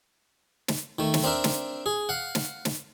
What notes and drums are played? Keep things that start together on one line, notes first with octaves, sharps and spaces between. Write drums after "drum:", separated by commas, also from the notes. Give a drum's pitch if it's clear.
drum: snare
D#3 A3
drum: snare
C4 D4 A#4 E5
drum: snare
G#4
F5 F#5
drum: snare
drum: snare